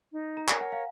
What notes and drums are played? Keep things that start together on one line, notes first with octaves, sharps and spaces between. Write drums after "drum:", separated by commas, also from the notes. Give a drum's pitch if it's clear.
D#4
A#5
A#4 C#5 G#5, drum: clap
F#5
F5